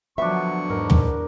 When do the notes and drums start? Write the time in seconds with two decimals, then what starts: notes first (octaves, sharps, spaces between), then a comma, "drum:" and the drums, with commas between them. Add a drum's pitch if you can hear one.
0.18 D3 F3 F#3 B3 D4 E5 C#6
0.70 E2 G#2 A#4
0.90 drum: tom